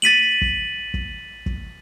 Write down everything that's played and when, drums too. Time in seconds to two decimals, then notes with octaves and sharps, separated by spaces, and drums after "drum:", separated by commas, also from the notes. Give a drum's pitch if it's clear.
0.02 A6 B6 D#7 F#7
0.42 drum: kick
0.94 drum: kick
1.46 drum: kick